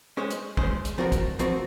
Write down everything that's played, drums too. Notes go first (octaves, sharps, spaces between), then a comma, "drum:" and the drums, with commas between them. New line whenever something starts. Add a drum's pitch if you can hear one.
G#3 C#4 G#4 C5
drum: hi-hat
G#3 C#4 G#4 C5, drum: kick
drum: hi-hat
F3 C4 F#4 A#4
drum: kick, hi-hat
F3 C4 F#4 A#4, drum: hi-hat